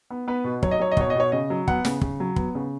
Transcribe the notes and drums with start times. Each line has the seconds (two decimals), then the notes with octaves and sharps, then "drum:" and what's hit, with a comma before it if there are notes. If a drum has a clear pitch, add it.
0.10 B3
0.28 B3 B4
0.44 B2
0.63 F#3 C#5, drum: kick
0.71 D#5
0.80 F#3 C#5
0.91 D#5
0.97 B2 C#5, drum: kick
1.10 D#5
1.15 B2 C#5
1.32 C#3 D#5
1.50 F#3
1.68 B3 F#5, drum: kick
1.85 C#3, drum: snare
2.01 C#3, drum: kick
2.20 F#3
2.36 B3, drum: kick
2.55 C#3